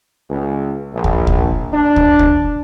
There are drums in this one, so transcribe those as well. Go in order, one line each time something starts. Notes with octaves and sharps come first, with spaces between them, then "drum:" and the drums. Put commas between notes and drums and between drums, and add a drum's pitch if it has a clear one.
C#2
A#1
drum: kick D2
drum: kick D2
D4
drum: kick D2
drum: kick D2